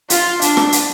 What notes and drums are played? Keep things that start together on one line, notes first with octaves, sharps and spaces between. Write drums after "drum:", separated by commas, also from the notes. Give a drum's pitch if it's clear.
F4, drum: hi-hat
D4, drum: hi-hat
drum: rim click
drum: hi-hat